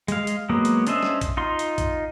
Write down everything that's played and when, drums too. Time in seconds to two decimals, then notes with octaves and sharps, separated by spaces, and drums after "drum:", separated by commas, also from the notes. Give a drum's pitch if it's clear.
0.08 G#3 F5, drum: hi-hat
0.27 drum: hi-hat
0.49 F#3 G#3 A#3 B3
0.65 drum: hi-hat
0.87 C#4 D4 C5 D#5 E5, drum: hi-hat
1.03 drum: snare
1.21 drum: kick A#1, hi-hat
1.37 D#4 F4 C6
1.59 drum: hi-hat
1.78 drum: kick A#1, hi-hat